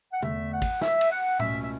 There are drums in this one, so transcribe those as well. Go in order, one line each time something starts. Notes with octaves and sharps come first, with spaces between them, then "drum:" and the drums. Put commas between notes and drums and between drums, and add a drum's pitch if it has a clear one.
F#5
E2 D3 A3 E5, drum: tom
F#5
drum: kick, cymbal
E5, drum: snare
drum: cymbal
F#5
C#2 B2 A3 C#4 E5, drum: tom A2
E5